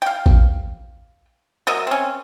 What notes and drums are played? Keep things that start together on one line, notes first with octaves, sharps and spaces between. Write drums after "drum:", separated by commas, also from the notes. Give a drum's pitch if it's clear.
F5 G5
drum: kick A1
F#3 A#4 D#5 E5
C4 C#4